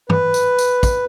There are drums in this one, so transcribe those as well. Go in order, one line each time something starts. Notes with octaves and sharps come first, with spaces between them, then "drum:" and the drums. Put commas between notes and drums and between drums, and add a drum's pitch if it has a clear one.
B4, drum: tom
drum: tambourine
drum: tambourine
drum: kick, tambourine